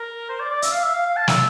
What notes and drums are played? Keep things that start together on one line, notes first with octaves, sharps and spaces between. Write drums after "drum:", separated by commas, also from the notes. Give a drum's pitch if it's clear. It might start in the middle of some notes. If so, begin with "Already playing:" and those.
Already playing: A#4
C5
D5
D5
E5, drum: hi-hat
F5
E5
F5
F5
A5
E5, drum: snare